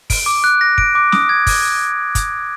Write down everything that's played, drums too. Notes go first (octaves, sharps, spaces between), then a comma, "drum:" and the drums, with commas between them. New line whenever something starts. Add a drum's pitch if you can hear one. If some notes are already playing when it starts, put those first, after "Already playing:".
D7, drum: kick, open hi-hat
D6
F#6
A#6
D7, drum: kick
D6
D#6, drum: snare
G#6
drum: kick, open hi-hat
drum: kick, hi-hat